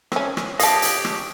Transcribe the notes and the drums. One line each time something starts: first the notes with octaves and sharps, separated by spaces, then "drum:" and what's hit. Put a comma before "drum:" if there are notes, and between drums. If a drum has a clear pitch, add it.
C4 C#4, drum: rim click
drum: rim click
G4 C#5 D#5 F5 A5, drum: hi-hat
drum: hi-hat
drum: rim click